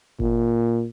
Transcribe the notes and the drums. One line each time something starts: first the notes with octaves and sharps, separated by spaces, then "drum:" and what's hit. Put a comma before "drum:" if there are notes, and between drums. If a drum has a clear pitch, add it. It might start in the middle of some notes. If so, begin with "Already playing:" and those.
A#2, drum: kick G1